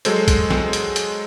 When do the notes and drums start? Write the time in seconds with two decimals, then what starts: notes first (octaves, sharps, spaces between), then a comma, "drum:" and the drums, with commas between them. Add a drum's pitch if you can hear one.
0.05 F#3 G#3 A4 C5, drum: hi-hat
0.28 drum: kick, hi-hat
0.50 drum: snare
0.73 drum: hi-hat
0.96 drum: hi-hat